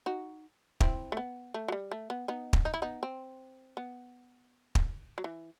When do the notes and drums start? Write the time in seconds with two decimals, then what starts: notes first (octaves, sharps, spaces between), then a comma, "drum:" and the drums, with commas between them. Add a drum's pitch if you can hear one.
0.06 D#4 F#4
0.80 C4 E4, drum: kick
1.12 A3
1.17 B3
1.54 A3
1.68 F#3
1.72 G3
1.91 A3
2.10 B3
2.28 B3 D#4
2.53 drum: kick
2.65 D#4
2.74 E4
2.82 B3 D#4
3.03 C4
3.77 B3
4.75 drum: kick
5.18 F#3
5.24 E3